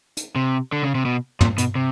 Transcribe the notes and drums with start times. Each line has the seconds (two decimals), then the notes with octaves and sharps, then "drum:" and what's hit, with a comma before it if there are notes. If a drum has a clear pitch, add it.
0.17 drum: hi-hat
0.36 C3
0.72 D3
0.83 C#3
0.95 C3
1.05 B2
1.41 A#2, drum: tom
1.58 B2, drum: hi-hat
1.75 C3